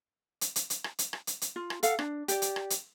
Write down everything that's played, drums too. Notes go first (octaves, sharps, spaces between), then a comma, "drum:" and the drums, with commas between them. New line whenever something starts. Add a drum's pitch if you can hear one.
drum: hi-hat
drum: hi-hat
drum: hi-hat
drum: rim click
drum: hi-hat
drum: rim click
drum: hi-hat
drum: hi-hat
F4
drum: rim click
A4 F5 F#5, drum: hi-hat
D4, drum: rim click
G4 D5, drum: hi-hat
drum: hi-hat
drum: rim click
drum: hi-hat